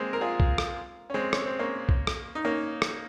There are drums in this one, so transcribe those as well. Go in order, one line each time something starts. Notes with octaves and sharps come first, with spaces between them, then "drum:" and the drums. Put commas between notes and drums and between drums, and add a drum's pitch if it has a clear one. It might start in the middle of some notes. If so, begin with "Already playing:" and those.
Already playing: G#3 A#3 C4
A#4
F4 G#4
drum: kick B1
drum: rim click
C#4
G#3 C4
C#4, drum: rim click
C4
A#3 C#4
drum: kick B1
drum: rim click
D#4
A#3 C#4
drum: rim click